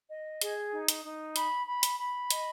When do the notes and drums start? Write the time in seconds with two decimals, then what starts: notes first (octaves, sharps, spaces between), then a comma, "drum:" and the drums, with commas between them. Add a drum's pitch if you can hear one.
0.09 D#5
0.41 G#4, drum: hi-hat
0.73 D#4
0.88 drum: hi-hat
1.04 D#4
1.36 B5, drum: hi-hat
1.67 B5
1.83 drum: hi-hat
1.99 B5
2.31 D#5, drum: hi-hat